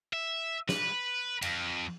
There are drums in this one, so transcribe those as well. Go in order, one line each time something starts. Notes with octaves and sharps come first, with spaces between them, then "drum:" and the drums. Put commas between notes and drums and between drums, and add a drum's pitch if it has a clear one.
E5
B4, drum: snare
F2, drum: cymbal